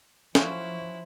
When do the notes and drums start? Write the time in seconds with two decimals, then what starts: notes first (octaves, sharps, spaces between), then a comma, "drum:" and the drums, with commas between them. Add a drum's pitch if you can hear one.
0.35 F3 F#3 C#4 E4 C5 F5, drum: snare